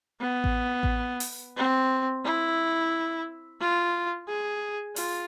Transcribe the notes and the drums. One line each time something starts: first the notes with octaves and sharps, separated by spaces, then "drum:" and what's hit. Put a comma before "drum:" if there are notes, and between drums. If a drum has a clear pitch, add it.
B3
drum: kick A1
drum: kick A1
drum: open hi-hat
C4
E4
F4
G#4
F4, drum: open hi-hat